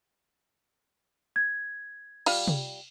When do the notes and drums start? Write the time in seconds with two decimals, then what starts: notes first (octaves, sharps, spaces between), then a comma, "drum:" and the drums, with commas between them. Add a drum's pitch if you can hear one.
1.36 G#6
2.26 G3 F4 F5, drum: cymbal
2.48 drum: tom C3